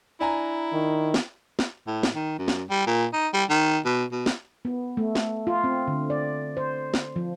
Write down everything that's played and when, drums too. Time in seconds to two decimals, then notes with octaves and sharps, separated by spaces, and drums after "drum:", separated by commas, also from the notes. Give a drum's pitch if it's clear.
0.20 D4 E4 G#5 A#5
0.73 D#3
1.14 drum: snare
1.59 drum: snare
1.87 A2
2.03 drum: snare
2.15 D#3
2.39 F#2
2.48 drum: snare
2.70 G3
2.87 A#2
3.13 D#4
3.34 G3
3.50 D#3
3.85 B2
4.12 B2
4.26 drum: snare
4.65 B3
4.97 A3
5.15 drum: snare
5.47 F4
5.64 C4
5.87 D3
6.10 D5
6.57 C5
6.94 drum: snare
7.16 F3